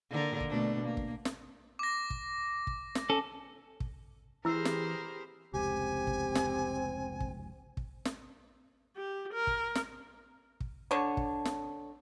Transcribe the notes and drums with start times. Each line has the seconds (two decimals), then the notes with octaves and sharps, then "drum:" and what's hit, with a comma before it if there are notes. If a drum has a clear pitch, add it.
0.11 D3 A#3 A#4
0.40 drum: kick
0.50 B2 A3 D4
0.85 A#3
0.97 drum: kick
1.25 drum: snare
1.79 D6 A#6
2.10 drum: kick
2.67 drum: kick
2.95 drum: snare
3.10 C#4 A4
3.80 drum: kick
4.45 E3 E4 G4 G#4 A#4 C5 B5 E6
4.65 drum: snare
5.54 F1 C#2 C4 G4 G#5
6.07 drum: kick
6.35 drum: snare
7.20 drum: kick
7.77 drum: kick
8.05 drum: snare
8.96 G4
9.33 A#4
9.47 drum: kick
9.75 drum: snare
10.60 drum: kick
10.91 D3 D4 C#5
11.17 drum: kick
11.45 drum: snare